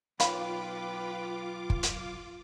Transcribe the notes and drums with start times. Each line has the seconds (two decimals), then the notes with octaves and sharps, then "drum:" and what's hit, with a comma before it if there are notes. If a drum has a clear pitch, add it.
0.20 B1 F4 B4 C#5 F5 G5 B5 D6, drum: hi-hat
1.70 drum: kick
1.83 drum: hi-hat